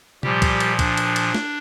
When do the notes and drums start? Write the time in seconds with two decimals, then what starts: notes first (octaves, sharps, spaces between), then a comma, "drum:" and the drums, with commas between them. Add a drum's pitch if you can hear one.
0.23 A#2 F3 G3 G4, drum: tom C3
0.42 drum: kick C2, cymbal
0.60 drum: cymbal
0.79 D4, drum: kick C2, cymbal
0.97 drum: cymbal
1.16 drum: cymbal
1.35 drum: snare